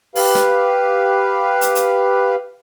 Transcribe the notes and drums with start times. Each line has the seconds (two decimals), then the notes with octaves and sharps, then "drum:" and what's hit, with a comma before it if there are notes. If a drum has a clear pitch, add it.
0.15 G4 B4 F5, drum: open hi-hat
0.35 drum: snare
1.61 drum: hi-hat
1.75 drum: hi-hat